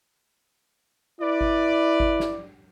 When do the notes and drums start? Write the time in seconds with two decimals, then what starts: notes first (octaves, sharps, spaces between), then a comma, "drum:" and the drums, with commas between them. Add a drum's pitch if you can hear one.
1.21 E4 B4 D5
1.41 drum: kick G#1
2.00 drum: kick G#1
2.20 drum: snare